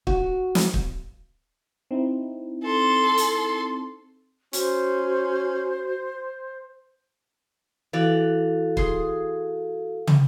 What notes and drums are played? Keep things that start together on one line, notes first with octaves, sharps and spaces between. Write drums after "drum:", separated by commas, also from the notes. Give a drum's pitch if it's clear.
F#4, drum: kick
drum: snare
drum: kick
C4 D#4 E4
A4 C6
drum: hi-hat
C#4 F#4 C5, drum: hi-hat
E3 F#4 A4 D5 F5
G#4 C6, drum: kick
drum: tom